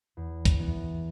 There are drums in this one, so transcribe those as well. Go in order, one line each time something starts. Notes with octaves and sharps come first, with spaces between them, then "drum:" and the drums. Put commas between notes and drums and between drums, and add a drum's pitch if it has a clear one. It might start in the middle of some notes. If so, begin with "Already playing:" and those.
E2
drum: kick, hi-hat
E3 B3